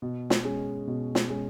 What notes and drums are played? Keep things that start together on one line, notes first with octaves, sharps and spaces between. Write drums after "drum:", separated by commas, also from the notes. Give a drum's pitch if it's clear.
B2
drum: snare
G#3 C#4
B2
drum: snare
G#3 C#4